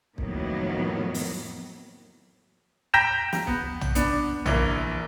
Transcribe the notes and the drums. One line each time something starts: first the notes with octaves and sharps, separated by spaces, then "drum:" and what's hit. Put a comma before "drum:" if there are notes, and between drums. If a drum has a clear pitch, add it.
F2 A2 D#3 F#3 A#3 B3, drum: kick
drum: open hi-hat
G5 A#5 G6 A#6 B6 E7
drum: snare
B3, drum: kick
drum: tom
B3 D4, drum: hi-hat
A#1 E3 A#3, drum: tom